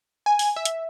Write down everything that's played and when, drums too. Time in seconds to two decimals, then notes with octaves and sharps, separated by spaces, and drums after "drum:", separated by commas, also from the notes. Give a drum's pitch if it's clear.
0.26 G#5
0.39 drum: open hi-hat
0.56 E5
0.65 drum: hi-hat